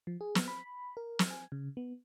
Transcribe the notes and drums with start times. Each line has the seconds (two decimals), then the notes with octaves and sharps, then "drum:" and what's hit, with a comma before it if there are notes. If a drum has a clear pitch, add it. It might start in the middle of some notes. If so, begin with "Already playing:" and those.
0.07 F3
0.21 G#4
0.35 B3, drum: snare
0.48 B5
0.97 A#4
1.19 drum: snare
1.31 G#5
1.52 C#3
1.77 B3